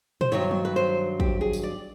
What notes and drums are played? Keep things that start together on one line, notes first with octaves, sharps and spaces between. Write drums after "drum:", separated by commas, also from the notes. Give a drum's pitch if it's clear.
C5, drum: tom A#2
G2 D#3 F#3 C#5
drum: tom F3
B4
C5
G4, drum: kick
G#4
drum: tambourine
D5